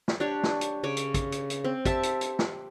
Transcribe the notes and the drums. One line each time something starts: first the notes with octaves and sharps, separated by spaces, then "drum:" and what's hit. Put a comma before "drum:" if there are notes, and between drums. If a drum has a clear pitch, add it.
drum: snare
D4 G4 C#5
drum: snare
drum: hi-hat
C#3 C#5 D6
drum: hi-hat
drum: kick, hi-hat
drum: hi-hat
drum: hi-hat
C4
G4 E5 A5, drum: kick, hi-hat
drum: hi-hat
drum: hi-hat
drum: snare